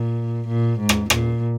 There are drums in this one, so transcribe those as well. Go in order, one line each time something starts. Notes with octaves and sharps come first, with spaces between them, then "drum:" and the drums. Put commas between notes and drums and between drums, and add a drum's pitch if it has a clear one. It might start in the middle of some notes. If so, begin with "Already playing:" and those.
Already playing: A#2
A#2
G#2
drum: rim click
A#2, drum: rim click